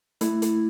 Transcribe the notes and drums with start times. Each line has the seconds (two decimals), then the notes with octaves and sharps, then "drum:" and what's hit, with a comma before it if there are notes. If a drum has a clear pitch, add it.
0.21 A3 E4, drum: hi-hat
0.42 drum: hi-hat